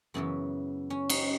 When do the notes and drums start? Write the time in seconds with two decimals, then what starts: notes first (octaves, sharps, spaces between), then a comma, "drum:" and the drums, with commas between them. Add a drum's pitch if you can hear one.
0.14 F#2 C#3 E3 B3
0.90 C#4
1.10 D#4, drum: cymbal